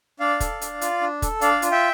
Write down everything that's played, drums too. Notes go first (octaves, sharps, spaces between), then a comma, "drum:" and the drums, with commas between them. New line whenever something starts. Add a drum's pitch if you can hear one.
D4 D5 F5
A4, drum: kick, hi-hat
D4, drum: hi-hat
F4, drum: hi-hat
D4
A4, drum: kick, hi-hat
D4 D5 F5, drum: hi-hat
F4, drum: hi-hat
E5 G5